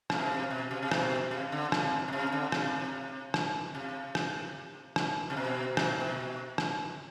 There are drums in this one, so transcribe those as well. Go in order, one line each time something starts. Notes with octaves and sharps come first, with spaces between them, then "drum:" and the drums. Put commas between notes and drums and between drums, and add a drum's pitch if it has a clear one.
C3, drum: rim click
B2
C3
B2
C3
C3
B2, drum: rim click
C3
D3
C3, drum: rim click
B2
C3
D3
C3, drum: rim click
drum: rim click
C3
drum: rim click
drum: rim click
C3
B2
B2, drum: rim click
B2
drum: rim click